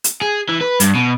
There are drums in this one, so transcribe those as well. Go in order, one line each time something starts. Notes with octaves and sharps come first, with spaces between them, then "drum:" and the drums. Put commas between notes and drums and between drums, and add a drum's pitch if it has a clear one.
drum: hi-hat
G#4
E3
B4
G2, drum: hi-hat
B2